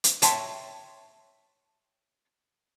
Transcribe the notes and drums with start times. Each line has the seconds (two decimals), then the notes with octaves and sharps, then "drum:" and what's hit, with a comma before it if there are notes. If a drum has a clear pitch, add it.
0.04 drum: hi-hat
0.22 C#5 E5 G5 A5 C6, drum: hi-hat